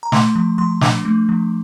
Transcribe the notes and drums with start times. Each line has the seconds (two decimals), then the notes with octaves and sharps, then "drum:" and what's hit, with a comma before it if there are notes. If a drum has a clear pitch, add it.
0.03 A#5
0.12 A3 C6, drum: snare
0.36 F3
0.58 F3 C6
0.81 D4 D6, drum: snare
1.05 A3
1.29 F3